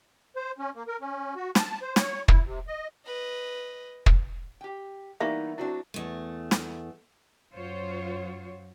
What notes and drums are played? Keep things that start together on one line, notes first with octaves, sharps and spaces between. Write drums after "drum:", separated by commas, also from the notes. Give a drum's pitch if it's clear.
C5
C#4
A#3
A#4
C#4
F#4
A5, drum: snare
C5
C#5, drum: snare
E4, drum: kick
C3
D#5
B4 D#5
drum: kick
G4 G5
E3 G3 A#3 B3 D#4 E5 C#6
F#3 C4 D4 E4 F#4
E2 A3
drum: snare
F#2 F#3 F4 C5 C#5